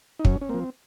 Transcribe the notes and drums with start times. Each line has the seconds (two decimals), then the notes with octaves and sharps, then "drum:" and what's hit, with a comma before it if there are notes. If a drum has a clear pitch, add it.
0.19 D#4
0.25 F#2 C#4, drum: kick
0.41 C#4
0.49 F3 A#3 C4